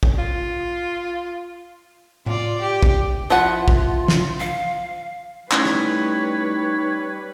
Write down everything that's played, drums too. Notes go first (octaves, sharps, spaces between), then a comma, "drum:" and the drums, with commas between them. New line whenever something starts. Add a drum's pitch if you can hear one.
drum: kick A#1
F4
F4 D5, drum: tom A2
G4
drum: kick A#1
F3 E4 F4 F#5
drum: kick A#1
drum: snare
F5
G3 A3 C#4 D#4 E4 B4 C#5, drum: clap
drum: rim click